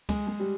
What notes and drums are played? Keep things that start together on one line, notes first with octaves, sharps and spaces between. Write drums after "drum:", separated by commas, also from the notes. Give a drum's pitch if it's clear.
G#3, drum: kick C#2, cymbal
G#3
G3